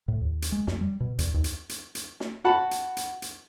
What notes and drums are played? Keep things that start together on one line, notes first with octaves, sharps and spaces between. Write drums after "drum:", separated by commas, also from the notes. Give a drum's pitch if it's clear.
A2
D#2
drum: hi-hat
G#3
F2, drum: snare
G3
B2
E2, drum: hi-hat
D#2
drum: hi-hat
drum: hi-hat
drum: hi-hat
drum: snare
F#4 F#5 A5 B5
drum: hi-hat
drum: hi-hat
drum: hi-hat